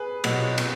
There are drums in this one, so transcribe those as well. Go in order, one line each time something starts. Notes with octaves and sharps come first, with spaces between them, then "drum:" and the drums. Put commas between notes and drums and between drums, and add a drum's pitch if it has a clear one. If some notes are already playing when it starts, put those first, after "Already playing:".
Already playing: G#4 B4
B2 F#3, drum: cymbal
drum: cymbal